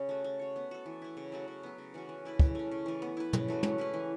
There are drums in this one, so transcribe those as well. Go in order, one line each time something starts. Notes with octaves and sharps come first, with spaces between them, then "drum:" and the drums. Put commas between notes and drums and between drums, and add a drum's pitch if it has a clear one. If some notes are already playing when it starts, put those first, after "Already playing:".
Already playing: C#3 C#4
A3 F#4
A3
F#4 C#5
B3
F#4 A4
E3
A3 E4
C#3
F#3 A3 F#4
C#3
F#3 B3
C#3
E3 C#4 F#4
E3
A3 E4 B4
C#3, drum: kick
A3 C#4
C#3
E3 A3
B3
E4 B4
C#3, drum: tom
E3 A3 F#4
F#3, drum: tom
C#4 E4 B4
E3